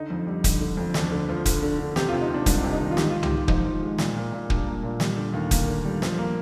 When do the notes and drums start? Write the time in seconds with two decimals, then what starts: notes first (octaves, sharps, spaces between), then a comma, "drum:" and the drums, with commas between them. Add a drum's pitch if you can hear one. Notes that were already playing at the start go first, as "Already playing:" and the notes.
Already playing: D3 D#4
0.10 F2
0.27 G3
0.44 D3, drum: kick, hi-hat
0.61 D3
0.77 F2
0.94 D2 D4, drum: snare
1.12 D3
1.29 F3
1.45 D3, drum: kick, hi-hat
1.63 D3
1.79 D3
1.96 C3 G4, drum: snare
2.09 F4
2.12 C3
2.21 D#4
2.30 C3 D4
2.46 C2 D4, drum: kick, hi-hat
2.64 C3
2.73 D#4
2.80 D#3
2.91 F4
2.97 G#2 G4, drum: snare
3.10 F4
3.15 G#2
3.23 G4, drum: tom C2
3.32 G#2 F4
3.48 F3 D#4, drum: kick
3.65 F3
3.82 G#3
3.98 A#2, drum: snare
4.16 A#2
4.32 A#2
4.50 G3 D4, drum: kick
4.67 A#3
4.83 A#2
5.00 G3, drum: snare
5.17 D3
5.34 D#2
5.51 A#3, drum: kick, hi-hat
5.68 D3
5.85 G3
6.02 F3, drum: snare
6.18 A#3